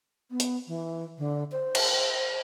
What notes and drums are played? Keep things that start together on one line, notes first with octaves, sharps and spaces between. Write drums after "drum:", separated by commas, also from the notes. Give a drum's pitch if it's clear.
B3
drum: hi-hat
E3
D3
C5
drum: cymbal